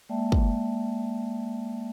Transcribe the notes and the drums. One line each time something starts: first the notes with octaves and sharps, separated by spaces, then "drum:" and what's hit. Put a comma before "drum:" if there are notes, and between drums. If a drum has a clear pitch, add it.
G#3 A#3 D5 E5 G5 A5
drum: kick